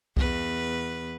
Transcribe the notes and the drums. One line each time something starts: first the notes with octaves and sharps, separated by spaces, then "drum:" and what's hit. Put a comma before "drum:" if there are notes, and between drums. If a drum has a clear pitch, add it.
E2 B4, drum: kick C2